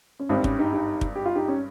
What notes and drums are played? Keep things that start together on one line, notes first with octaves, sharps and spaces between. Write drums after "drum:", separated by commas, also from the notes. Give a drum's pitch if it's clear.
C#4
G#1 G2 G3 C4
C#4, drum: kick
D#4 G4
D#4 G4
drum: kick
G4
F4
D#4 G4
C#4